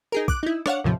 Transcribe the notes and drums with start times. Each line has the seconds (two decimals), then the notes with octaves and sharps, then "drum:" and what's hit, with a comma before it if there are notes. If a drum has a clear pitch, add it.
0.12 D#4 G#4 A#4
0.28 D6 F#6, drum: kick
0.43 D#4 E4
0.66 D4 C#5 F5 F#5, drum: rim click
0.84 D#2 A2 C3 F3